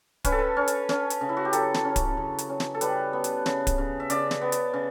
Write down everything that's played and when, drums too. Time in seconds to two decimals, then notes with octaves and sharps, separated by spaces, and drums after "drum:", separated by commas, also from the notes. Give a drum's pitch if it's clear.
0.24 C#4 B4, drum: kick D1, hi-hat
0.32 A4
0.39 B4
0.57 C#4
0.68 drum: hi-hat
0.89 C#4, drum: snare
1.10 drum: hi-hat
1.21 C#3
1.29 E4
1.37 F#4
1.45 G4
1.53 F#3 A4, drum: hi-hat
1.74 drum: snare
1.85 C#4
1.96 drum: kick D1, hi-hat
2.17 C#3
2.38 drum: hi-hat
2.49 C#4
2.60 drum: snare
2.75 A4
2.81 G3 B4, drum: hi-hat
3.13 B3
3.24 drum: hi-hat
3.46 C#3, drum: snare
3.67 drum: kick D1, hi-hat
3.78 C#3
4.00 E5
4.10 C#3 D5, drum: hi-hat
4.31 drum: snare
4.41 B3
4.52 drum: hi-hat
4.73 C#3